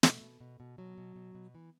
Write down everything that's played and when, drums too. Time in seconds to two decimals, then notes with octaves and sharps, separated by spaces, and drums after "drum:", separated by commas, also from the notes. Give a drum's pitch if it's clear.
0.03 B2 A3, drum: snare
0.21 B2
0.41 B2
0.60 B2
0.78 B2 F#3
0.98 B2
1.16 B2
1.35 B2
1.55 E3